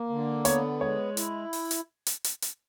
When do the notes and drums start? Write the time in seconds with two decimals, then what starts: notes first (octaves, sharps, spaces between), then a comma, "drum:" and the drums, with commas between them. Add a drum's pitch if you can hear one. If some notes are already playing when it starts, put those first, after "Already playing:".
Already playing: A#3
0.09 D3
0.45 B3 C#5, drum: hi-hat
0.81 G#3 C#5
1.17 E4, drum: hi-hat
1.53 drum: open hi-hat
1.71 drum: hi-hat
2.07 drum: hi-hat
2.24 drum: hi-hat
2.42 drum: hi-hat